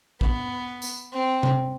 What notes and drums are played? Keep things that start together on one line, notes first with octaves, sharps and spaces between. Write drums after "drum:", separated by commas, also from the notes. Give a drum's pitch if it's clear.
B3, drum: kick
drum: tambourine
C4
drum: tom C3